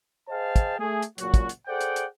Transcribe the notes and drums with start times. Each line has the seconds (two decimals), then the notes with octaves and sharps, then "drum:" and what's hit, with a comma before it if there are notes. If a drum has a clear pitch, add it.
0.29 G#4 C5 D#5 F5 G5 A5
0.56 drum: kick, hi-hat
0.79 A3 G#4
1.02 drum: hi-hat
1.18 C#2 A#2 F#3 F#4, drum: hi-hat
1.34 drum: kick, hi-hat
1.49 drum: hi-hat
1.67 G#4 A4 C5 D5 F#5 G5
1.81 drum: hi-hat
1.96 drum: hi-hat